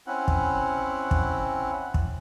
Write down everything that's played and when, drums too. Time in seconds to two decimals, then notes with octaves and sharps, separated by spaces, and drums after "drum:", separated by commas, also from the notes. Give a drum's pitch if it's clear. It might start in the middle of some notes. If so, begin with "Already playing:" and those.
0.07 C4 C#4 E4 F#5
0.28 drum: kick
1.11 drum: kick
1.94 drum: kick